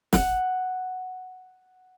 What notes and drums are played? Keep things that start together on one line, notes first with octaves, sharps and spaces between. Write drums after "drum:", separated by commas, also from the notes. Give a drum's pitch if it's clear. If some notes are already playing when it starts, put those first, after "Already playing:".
F#5, drum: snare